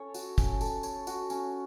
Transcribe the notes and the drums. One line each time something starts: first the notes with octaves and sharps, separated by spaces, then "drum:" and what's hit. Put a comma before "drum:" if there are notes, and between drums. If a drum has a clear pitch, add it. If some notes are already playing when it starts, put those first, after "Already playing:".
Already playing: C#4 A4 C#5
F#4, drum: tambourine
C#4, drum: kick, tambourine
A4, drum: tambourine
C#5, drum: tambourine
F#4, drum: tambourine
C#4, drum: tambourine